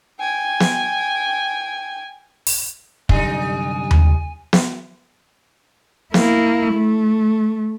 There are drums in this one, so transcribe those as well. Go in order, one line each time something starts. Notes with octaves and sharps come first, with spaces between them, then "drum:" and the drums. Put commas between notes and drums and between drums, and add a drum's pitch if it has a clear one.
G5 G#5
drum: snare
drum: open hi-hat
C2 F#2 D3 G3 D#4 G#5, drum: kick
drum: tom D#2
drum: snare
A#3 E4, drum: snare
A3